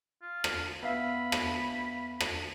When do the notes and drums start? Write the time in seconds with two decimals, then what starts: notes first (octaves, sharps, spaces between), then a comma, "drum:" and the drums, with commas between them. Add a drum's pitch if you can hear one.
0.22 F4
0.44 drum: rim click
0.83 B3 E5 F5 B5
1.32 drum: rim click
2.20 drum: rim click